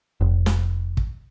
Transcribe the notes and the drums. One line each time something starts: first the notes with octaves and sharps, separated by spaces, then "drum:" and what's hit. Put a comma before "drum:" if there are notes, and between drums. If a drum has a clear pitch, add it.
F1
drum: snare
drum: kick